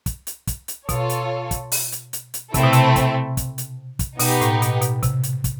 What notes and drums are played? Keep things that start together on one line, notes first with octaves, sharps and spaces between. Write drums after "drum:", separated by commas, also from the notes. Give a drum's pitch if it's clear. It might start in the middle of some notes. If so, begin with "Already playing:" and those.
drum: kick, hi-hat
drum: hi-hat
drum: kick, hi-hat
drum: hi-hat
B2 F4 A4 C#5, drum: kick, hi-hat
drum: hi-hat
drum: kick, hi-hat
drum: open hi-hat
drum: hi-hat
drum: hi-hat
drum: hi-hat
C3 A3 C4 E4 A4, drum: kick, hi-hat
B2
C3, drum: hi-hat
drum: kick, hi-hat
drum: kick, hi-hat
drum: hi-hat
drum: kick, hi-hat
B2 B3 D#4 G4, drum: open hi-hat
A2, drum: hi-hat
B2, drum: hi-hat
B2, drum: hi-hat
C3, drum: kick, hi-hat
drum: hi-hat
drum: kick, hi-hat